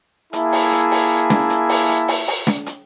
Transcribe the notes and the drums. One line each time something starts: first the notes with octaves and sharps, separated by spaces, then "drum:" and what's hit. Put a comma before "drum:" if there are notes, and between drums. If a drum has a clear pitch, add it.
A#3 E4 G#4 E5 A5, drum: hi-hat
drum: open hi-hat
drum: hi-hat
drum: open hi-hat
drum: snare
drum: hi-hat
drum: open hi-hat
drum: hi-hat
drum: open hi-hat
drum: open hi-hat
drum: snare
drum: hi-hat